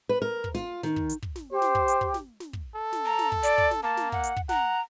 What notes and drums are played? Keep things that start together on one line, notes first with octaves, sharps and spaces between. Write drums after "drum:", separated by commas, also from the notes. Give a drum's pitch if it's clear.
B4
A#4
drum: kick
F4, drum: snare
D#3, drum: snare
drum: kick
drum: hi-hat
drum: kick
drum: snare
G4 C5
drum: snare
drum: kick
drum: hi-hat
drum: kick
drum: snare
drum: snare
drum: kick
A4
drum: snare
A#5
drum: snare
drum: kick
D5, drum: hi-hat
drum: kick
drum: snare
A#3 A5
drum: snare
F#5, drum: kick
drum: hi-hat
drum: kick
F#5 A#5, drum: snare